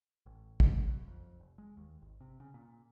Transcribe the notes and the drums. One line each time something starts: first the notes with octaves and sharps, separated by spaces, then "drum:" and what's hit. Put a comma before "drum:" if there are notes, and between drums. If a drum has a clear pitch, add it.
A1
F#2, drum: kick
F#2
F2
F1
G#3
D#2
G#1
C3
C#3
A#2